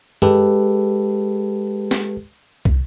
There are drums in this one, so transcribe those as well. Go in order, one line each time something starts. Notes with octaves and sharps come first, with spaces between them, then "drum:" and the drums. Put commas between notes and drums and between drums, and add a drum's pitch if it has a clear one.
G#3 G4 A4 B4, drum: tom G2
drum: snare
drum: kick